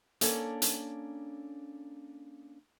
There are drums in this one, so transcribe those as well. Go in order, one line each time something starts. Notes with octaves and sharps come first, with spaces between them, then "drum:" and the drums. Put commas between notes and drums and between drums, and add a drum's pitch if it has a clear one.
A#3 C#4 D4 A4 C#5, drum: hi-hat
drum: hi-hat